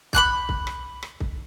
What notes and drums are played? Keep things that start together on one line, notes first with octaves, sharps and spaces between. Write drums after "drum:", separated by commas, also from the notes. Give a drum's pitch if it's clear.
B5 C#6 F#6 G6, drum: kick C2
drum: kick C2
drum: rim click
drum: rim click
drum: kick C2